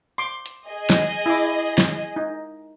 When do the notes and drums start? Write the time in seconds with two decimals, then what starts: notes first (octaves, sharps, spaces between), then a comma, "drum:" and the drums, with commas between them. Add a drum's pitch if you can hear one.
0.18 C6 D6
0.46 drum: hi-hat
0.68 G#4 D#5
0.90 drum: snare
1.26 E4 D6
1.78 drum: snare
2.16 D#4